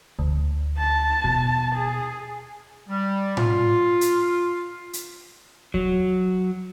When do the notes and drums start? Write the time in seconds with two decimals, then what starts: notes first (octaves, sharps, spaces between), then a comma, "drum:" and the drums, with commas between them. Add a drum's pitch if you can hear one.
0.19 D2, drum: kick D#2
0.79 A5
1.24 B2, drum: kick D#2
1.75 G#4
2.89 G3
3.37 F4, drum: tom A2
4.01 drum: hi-hat
4.93 drum: hi-hat
5.74 F#3, drum: kick D#2